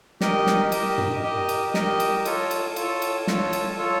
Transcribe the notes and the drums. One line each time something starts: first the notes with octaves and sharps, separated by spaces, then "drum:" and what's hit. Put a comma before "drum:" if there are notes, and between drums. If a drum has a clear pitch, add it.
G4 A#4 D#5, drum: snare
drum: snare
G4 A#4 D#5, drum: cymbal
drum: tom
G4 A#4 D#5
drum: cymbal
G4 A#4 D#5, drum: snare
drum: cymbal
F4 A4 C#5, drum: cymbal
drum: cymbal
F4 A4 C#5, drum: cymbal
drum: cymbal
F4 A4 C#5, drum: snare
drum: cymbal
F4 A4 C#5